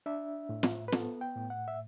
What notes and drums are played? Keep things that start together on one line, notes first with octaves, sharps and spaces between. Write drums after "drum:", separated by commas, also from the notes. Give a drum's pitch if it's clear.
D4 E5
A2
drum: snare
B4
B3 A4, drum: snare
G5
A2
F#5
E5